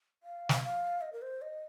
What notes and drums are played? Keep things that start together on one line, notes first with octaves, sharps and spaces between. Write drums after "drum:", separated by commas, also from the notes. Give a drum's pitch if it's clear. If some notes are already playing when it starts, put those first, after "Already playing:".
F5
drum: snare
F5
D#5
A#4
C5
D#5